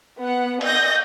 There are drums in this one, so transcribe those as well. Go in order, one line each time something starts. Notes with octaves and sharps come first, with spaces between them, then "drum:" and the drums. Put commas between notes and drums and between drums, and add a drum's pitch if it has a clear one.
B3 F#5
D#5 G6 A#6, drum: cymbal